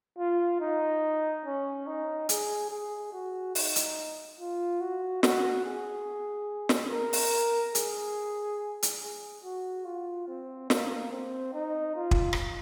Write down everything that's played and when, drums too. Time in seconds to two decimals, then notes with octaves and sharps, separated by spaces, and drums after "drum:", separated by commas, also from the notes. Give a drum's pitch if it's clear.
0.18 F4
0.60 D#4
1.46 C#4
1.87 D#4
2.29 G#4, drum: hi-hat
2.71 G#4
3.13 F#4
3.55 D#4, drum: open hi-hat
3.76 drum: hi-hat
4.40 F4
4.81 F#4
5.23 F#4, drum: snare
5.65 G#4
6.69 drum: snare
6.91 A#4
7.13 drum: open hi-hat
7.75 G#4, drum: hi-hat
8.83 drum: hi-hat
9.01 G#4
9.44 F#4
9.85 F4
10.28 C4
10.70 A#3, drum: snare
11.12 C4
11.53 D#4
11.96 F4
12.11 drum: kick
12.33 drum: rim click